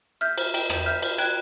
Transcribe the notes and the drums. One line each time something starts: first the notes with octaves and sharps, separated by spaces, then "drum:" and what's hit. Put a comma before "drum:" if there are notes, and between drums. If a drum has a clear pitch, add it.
E5 F6 G6
C5, drum: cymbal
G5, drum: cymbal
C5, drum: rim click
E5 F6 G6
C5, drum: cymbal
G5 F#6 G#6, drum: cymbal